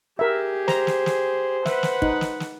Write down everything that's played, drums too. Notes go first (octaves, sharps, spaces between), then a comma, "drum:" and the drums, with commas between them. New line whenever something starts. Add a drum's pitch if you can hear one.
G4 G#4 A#4 E5
C5 A#5, drum: snare
drum: snare
drum: snare
B4 E5 F#5, drum: snare
drum: snare
D#4, drum: kick
drum: snare
drum: snare